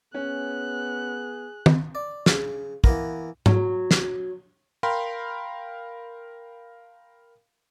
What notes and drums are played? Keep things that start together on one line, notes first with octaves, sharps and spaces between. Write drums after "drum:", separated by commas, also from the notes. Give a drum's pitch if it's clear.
B3 C#4 G#4 F#6
drum: tom D#3
D5
C#3, drum: snare
E3 A#3 B3 A#4, drum: kick
F#3, drum: tom G#2
drum: snare
A#4 F5 G5 B5 C6